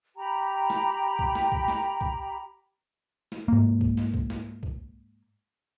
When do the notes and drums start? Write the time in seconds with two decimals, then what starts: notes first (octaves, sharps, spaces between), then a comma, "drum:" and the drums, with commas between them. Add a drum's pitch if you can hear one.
0.17 G4 G5 A#5 B5
0.70 drum: snare
1.19 drum: kick C2
1.35 drum: snare
1.52 drum: kick C2
1.68 drum: snare
2.01 drum: kick C2
3.32 drum: snare
3.48 G#2 A#3
3.81 drum: kick C2
3.97 drum: snare
4.14 drum: kick C2
4.30 drum: snare
4.63 drum: kick C2